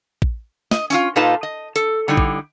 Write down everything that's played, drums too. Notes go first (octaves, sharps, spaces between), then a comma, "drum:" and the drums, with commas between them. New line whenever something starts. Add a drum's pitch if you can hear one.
drum: kick
D#5, drum: snare
C#4 E4 F4, drum: tambourine
A#2 D#4 F4 A4 B4 A5
D#5
A4, drum: hi-hat
D3 G3 D#4 E4
drum: kick